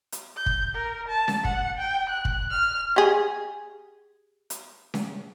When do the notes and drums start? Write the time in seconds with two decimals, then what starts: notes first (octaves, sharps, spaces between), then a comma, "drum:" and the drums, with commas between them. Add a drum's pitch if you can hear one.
0.12 drum: hi-hat
0.37 G6
0.46 drum: kick
0.75 A#4
1.08 A5
1.28 drum: snare C#4
1.45 F#5, drum: kick
1.78 G5
2.10 F#6
2.25 drum: kick
2.51 F6
2.96 G4 G#4
4.50 drum: hi-hat
4.94 drum: snare C#4